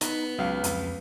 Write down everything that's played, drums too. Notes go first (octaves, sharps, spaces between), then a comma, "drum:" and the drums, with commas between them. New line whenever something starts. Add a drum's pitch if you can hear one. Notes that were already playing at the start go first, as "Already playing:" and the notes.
B3 D#4, drum: hi-hat
C#2 F#3 F5
F2, drum: hi-hat